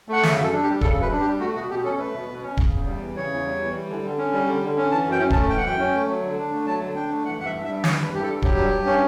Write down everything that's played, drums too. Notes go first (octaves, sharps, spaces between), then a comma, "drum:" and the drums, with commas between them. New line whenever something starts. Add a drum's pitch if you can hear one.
A3 F#5
C#3 E5, drum: snare
F#2
A4
D4
G4
G3
C#3 A4, drum: kick D1
F#2
B4
D4
G4
G3
A3 F#4
B2 F#4
B2 G4
C#4 A4
A3 B4
B2
B2
C#4
C#3, drum: kick D1
E2
G3
E3
C#3 C#5
E2
G3
E3
G3
D3
D3
C#4
G3
D3
D3
C#4
E3 A5
F#2
G5
C#4
A5, drum: kick D1
A3
E3 G5
F#5
F#2 G5
C#4
A3
F#3
D3
D4
A3
F#3 A5
D3
D4 G5
A3
E3 F#5
G2 F#5
E5
G2
E5
G3
E3 C#5, drum: snare
G2 B4
G2 G4
A4
G3
F#3 G4, drum: kick D1
G2
G2
C#4